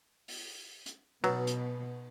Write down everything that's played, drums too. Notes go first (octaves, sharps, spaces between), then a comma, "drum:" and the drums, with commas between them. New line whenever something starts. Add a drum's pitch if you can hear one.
drum: open hi-hat
drum: hi-hat
B2 F#3 B4, drum: cymbal
drum: hi-hat